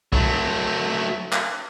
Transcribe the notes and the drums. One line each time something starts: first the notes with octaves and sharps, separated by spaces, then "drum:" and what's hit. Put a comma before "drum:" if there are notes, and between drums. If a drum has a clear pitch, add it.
F#3 A3, drum: kick
drum: clap